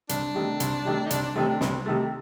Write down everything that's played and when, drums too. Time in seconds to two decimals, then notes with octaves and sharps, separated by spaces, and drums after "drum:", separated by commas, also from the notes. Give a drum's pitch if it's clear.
0.09 C2 D4, drum: hi-hat
0.35 C3 D#3 A3
0.60 C2, drum: hi-hat
0.85 C3 D#3 A3
1.06 D#4
1.10 C2 D4, drum: hi-hat
1.23 D4
1.35 C3 D#3 A3 C4
1.48 D4
1.61 C2, drum: snare
1.86 C3 D#3 A3